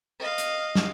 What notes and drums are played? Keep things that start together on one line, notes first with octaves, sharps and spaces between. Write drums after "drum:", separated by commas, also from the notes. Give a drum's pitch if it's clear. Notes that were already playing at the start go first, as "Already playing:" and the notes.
D#5 F5
drum: hi-hat
drum: snare